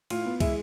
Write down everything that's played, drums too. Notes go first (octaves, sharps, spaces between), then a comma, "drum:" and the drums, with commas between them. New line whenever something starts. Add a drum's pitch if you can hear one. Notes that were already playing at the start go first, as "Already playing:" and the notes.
A2 F4, drum: cymbal
B3
G#3 E4, drum: kick, cymbal